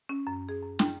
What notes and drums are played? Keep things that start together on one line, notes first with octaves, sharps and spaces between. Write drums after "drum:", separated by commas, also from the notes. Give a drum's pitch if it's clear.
C#4
F#2
G#4
F#2
G5, drum: snare